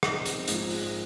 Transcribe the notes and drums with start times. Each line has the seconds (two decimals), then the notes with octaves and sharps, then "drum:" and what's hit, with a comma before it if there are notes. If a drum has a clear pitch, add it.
0.03 A#1 D#4, drum: rim click
0.26 C4, drum: hi-hat
0.48 G#2 F3 A#3, drum: hi-hat
0.63 A#3
0.70 G#3, drum: open hi-hat